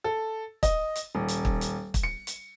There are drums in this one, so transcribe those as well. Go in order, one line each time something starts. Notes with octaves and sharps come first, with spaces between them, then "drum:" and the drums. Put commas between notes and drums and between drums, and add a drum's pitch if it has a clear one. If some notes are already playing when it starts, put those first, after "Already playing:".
A4
D#5, drum: kick, hi-hat
drum: hi-hat
D#1
drum: hi-hat
drum: kick
drum: hi-hat
drum: kick, hi-hat
C#7
drum: hi-hat